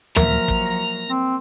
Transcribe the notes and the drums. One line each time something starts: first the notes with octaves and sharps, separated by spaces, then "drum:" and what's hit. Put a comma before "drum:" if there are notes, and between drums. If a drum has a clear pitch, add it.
F3 F#3 A#3 A#4 E5 A#5, drum: tom
drum: kick
C4